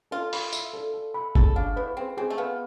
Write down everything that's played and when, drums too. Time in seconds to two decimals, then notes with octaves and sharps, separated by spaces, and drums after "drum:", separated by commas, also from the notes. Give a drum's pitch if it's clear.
0.11 F4 A4
0.33 B5, drum: open hi-hat
0.53 E5, drum: tambourine
0.73 A4
0.94 A4
1.14 B5
1.35 G#4 A4, drum: kick G1
1.56 D4 F5
1.76 E4 B4
1.97 C4 G#4
2.17 C4 G#4
2.30 A3
2.38 B3 F5